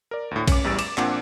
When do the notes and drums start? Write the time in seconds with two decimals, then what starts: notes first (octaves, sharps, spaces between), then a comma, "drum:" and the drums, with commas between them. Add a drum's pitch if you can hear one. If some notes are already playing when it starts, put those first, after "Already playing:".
0.11 A#4 D5
0.31 D2 A2
0.48 C#4 D6, drum: kick A#1, cymbal
0.64 A1 E2 G3 E6 A6 D7
0.79 D6 E7, drum: cymbal
0.97 A#1 A#2 C4 D4 F#5 D6, drum: clap